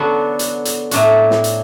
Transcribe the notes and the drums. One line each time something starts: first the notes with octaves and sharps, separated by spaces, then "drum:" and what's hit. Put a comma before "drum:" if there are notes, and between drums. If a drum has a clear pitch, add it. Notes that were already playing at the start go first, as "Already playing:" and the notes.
Already playing: D3 F#3 B3 D4 F#4
drum: hi-hat
drum: hi-hat
A2 F#3 D4 F#4, drum: hi-hat
drum: snare
drum: hi-hat